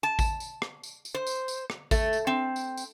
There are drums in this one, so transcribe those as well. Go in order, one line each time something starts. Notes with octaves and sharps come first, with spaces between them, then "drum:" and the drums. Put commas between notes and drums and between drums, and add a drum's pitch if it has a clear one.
A5
drum: kick A1, tambourine
drum: tambourine
drum: rim click
drum: tambourine
drum: tambourine
C5
drum: tambourine
drum: tambourine
drum: rim click
A3, drum: kick A1, tambourine
drum: tambourine
C4
drum: tambourine
drum: tambourine